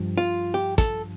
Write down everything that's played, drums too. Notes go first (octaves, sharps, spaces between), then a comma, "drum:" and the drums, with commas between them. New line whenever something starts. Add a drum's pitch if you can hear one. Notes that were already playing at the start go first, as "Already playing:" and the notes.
Already playing: G2 F3
F4
G4
A4, drum: kick, hi-hat